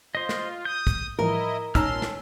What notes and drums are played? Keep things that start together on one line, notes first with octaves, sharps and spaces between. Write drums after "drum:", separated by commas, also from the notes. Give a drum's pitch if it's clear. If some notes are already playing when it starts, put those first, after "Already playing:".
F4 C5 D#5
drum: snare
D#6 G6
drum: kick, hi-hat
A2 E3 F3 E4 A#4 D#5
A#2 C#4 D#4 A5 A#5 C6 E6 F6, drum: kick, hi-hat
drum: snare